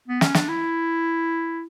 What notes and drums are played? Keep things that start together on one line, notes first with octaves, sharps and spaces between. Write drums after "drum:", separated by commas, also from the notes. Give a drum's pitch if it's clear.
B3
C#4, drum: snare
D4, drum: snare
E4